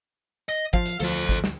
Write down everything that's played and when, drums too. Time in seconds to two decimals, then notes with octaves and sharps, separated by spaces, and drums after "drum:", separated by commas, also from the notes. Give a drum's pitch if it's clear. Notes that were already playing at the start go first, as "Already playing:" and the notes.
0.49 D#5
0.74 F3 F5, drum: kick
0.86 drum: hi-hat
1.00 D2 F3 A4 C5
1.29 drum: kick
1.44 drum: snare